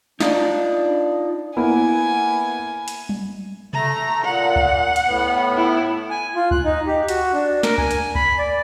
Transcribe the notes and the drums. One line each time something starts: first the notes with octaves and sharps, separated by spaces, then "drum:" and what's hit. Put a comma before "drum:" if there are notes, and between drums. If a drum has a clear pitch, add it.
D4 D#4 F4 D5, drum: snare
A#3 B3 E4 G#5
drum: hi-hat
drum: tom F#3
A3 A#5, drum: tom C3
A#2 F#5
drum: kick C#2
drum: hi-hat
A2 B3
E4
G#5
F4
F#6, drum: kick C#2
D#4
G4
F#4, drum: hi-hat
D4
A#4, drum: snare
G#5, drum: kick C#2
drum: hi-hat
B5, drum: kick C#2
D5